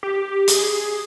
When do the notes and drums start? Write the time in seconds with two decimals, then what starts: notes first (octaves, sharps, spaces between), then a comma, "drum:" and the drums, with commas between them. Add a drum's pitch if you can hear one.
0.03 G4
0.48 G#4, drum: hi-hat